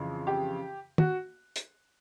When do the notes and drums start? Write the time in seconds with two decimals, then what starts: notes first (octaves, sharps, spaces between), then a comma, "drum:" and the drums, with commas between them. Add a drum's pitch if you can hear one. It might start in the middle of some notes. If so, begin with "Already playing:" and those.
Already playing: F2 C#3 E3
0.27 G4
0.98 F#4, drum: tom
1.56 drum: hi-hat